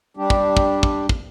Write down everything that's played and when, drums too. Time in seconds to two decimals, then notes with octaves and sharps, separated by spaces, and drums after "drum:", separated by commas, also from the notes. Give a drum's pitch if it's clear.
0.17 G3 D4 G4
0.30 drum: kick
0.57 drum: kick
0.83 drum: kick
1.09 drum: kick